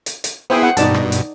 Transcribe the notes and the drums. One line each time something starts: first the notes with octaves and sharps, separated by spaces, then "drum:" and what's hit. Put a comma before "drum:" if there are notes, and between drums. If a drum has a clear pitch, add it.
drum: hi-hat
drum: hi-hat
B3 E4 G#4 C5 G5 D#6
F#5
G2 B2 D#4 D5 A5, drum: hi-hat
drum: rim click
drum: hi-hat